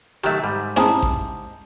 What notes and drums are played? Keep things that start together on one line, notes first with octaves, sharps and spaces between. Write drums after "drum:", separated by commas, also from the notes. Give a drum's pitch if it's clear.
D#3 F#3 A3 G4 E5
G#2 G3
C4 C#4 E4 G#4 A5 A#5 D#6, drum: snare
drum: kick A1